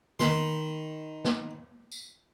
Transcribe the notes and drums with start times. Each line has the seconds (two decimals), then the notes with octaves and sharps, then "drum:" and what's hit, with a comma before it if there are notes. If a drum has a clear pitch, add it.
0.19 D#3 B5 C6, drum: snare
1.24 drum: snare
1.92 drum: tambourine